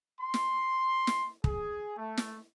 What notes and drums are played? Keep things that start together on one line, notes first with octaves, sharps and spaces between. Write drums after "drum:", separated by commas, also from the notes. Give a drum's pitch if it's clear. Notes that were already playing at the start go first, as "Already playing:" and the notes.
C6
drum: snare
drum: snare
G#4, drum: kick
A3
drum: snare